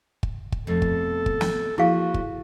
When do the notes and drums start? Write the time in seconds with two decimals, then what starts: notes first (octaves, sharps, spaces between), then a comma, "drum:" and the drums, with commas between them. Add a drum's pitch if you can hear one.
0.23 drum: kick
0.52 drum: kick
0.67 F2 B2 A3 A4
0.82 drum: kick
1.26 drum: kick
1.41 drum: snare
1.78 F3 A#3 E4 F#4 G#4 F5
2.14 drum: kick